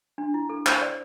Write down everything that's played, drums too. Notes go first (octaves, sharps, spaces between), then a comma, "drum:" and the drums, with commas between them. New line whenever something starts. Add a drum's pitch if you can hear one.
D4
E4
A4
C5, drum: clap
D5